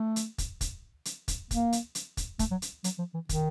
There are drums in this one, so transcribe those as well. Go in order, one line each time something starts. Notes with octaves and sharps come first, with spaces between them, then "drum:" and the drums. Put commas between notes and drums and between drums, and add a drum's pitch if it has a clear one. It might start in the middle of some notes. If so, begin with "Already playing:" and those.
Already playing: A3
drum: hi-hat
drum: kick, hi-hat
drum: kick, hi-hat
drum: hi-hat
drum: kick, hi-hat
A#3, drum: kick, hi-hat
drum: hi-hat
drum: hi-hat
drum: kick, hi-hat
A3, drum: kick, hi-hat
F#3
drum: hi-hat
F#3, drum: hi-hat
F3
E3
D#3, drum: kick, hi-hat